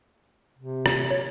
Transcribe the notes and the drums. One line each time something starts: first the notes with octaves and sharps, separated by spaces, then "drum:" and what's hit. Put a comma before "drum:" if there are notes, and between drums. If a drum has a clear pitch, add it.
C3
drum: rim click
C#5